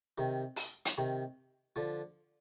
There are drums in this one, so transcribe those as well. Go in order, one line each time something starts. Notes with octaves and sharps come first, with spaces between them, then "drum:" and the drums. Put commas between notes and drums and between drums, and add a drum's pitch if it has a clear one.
C3 D#3
drum: open hi-hat
drum: hi-hat
C3 D#3
D3 F3